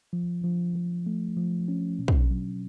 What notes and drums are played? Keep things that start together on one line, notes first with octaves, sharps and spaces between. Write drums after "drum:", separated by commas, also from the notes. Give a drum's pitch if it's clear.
F3
F3
F3
A3
F3
C#4
B2
drum: kick
F#3